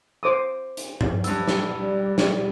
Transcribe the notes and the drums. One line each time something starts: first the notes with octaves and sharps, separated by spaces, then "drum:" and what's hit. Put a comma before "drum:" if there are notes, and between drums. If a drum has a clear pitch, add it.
C5 D6 D#6
drum: hi-hat
drum: tom G2
G2 E6, drum: hi-hat
drum: snare
G3
drum: snare